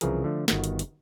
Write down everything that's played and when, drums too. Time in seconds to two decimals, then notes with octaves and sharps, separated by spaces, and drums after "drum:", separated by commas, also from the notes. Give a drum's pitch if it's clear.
0.01 C2 C#3 E3 F3 G#4 A#4, drum: hi-hat
0.24 D3 F3 A3
0.48 G1 D#3 B3 F#4, drum: snare
0.64 drum: hi-hat
0.79 drum: hi-hat